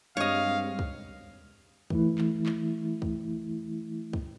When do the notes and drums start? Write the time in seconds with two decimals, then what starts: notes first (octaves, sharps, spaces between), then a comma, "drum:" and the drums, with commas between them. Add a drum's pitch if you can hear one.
0.17 G2 G3 G#3 C4 C#5 D#5 F5
0.79 drum: kick
1.90 E3 A3 E4, drum: kick
2.18 drum: clap
2.46 drum: clap
3.02 drum: kick
4.13 drum: kick